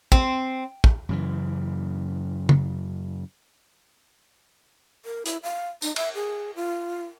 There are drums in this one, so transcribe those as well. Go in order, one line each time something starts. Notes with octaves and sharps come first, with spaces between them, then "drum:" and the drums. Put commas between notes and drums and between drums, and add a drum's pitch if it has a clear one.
C4, drum: kick
drum: kick
F#2 C#3 E3
drum: tom C#3
A#4
E4, drum: hi-hat
F5
D#4, drum: tambourine
E5, drum: cymbal
G#4
F4